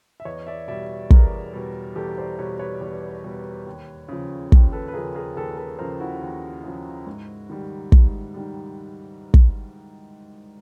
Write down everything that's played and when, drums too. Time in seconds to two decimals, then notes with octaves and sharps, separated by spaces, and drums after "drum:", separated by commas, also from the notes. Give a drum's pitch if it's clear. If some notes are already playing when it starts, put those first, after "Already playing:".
0.20 E5
0.25 E2 C#5 D#5
0.47 D5 E5
0.68 B2 G3 D5 E5
1.10 E2 G#4 A#4, drum: kick
1.53 B2 G3
1.96 E2 G4 A4
2.18 C5 D5
2.38 B2 G3 B4 C#5
2.59 B4 C#5
2.81 E2
3.24 B2 G3
3.67 D#2
4.08 C#3 F3
4.52 D#2, drum: kick
4.72 A4 B4
4.88 B4
4.94 C#3 F3 G#4 A#4
5.15 G#4 A#4
5.36 D#2 A4 B4
5.51 A#4
5.58 A4 B4
5.79 C#3 F3 A#4 C5
6.00 E4 F#4
6.22 D#2
6.64 C#3 F3
7.06 G#2
7.50 D#3 G3
7.92 G#2, drum: kick
8.34 D#3 G3
9.34 drum: kick